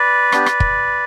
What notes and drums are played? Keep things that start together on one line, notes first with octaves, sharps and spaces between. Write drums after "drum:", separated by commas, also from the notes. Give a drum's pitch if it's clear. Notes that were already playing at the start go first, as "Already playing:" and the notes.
Already playing: B4 D5
B3 D4 G4, drum: rim click
drum: rim click
drum: kick